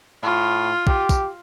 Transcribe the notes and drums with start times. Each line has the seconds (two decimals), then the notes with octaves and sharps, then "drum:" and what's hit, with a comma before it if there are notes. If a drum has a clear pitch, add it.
0.23 A2 F4
0.87 G4, drum: kick
1.09 drum: kick, tambourine